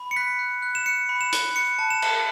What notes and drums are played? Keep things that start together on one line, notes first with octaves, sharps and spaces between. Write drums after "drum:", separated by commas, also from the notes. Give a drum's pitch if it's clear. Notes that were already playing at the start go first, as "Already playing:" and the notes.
Already playing: B5
C#7
F#6 B6
F#6
F#6
E7
F#6 C#7
B5
E7
F#6, drum: hi-hat
F#6 C#7
A5
E7
A5, drum: cymbal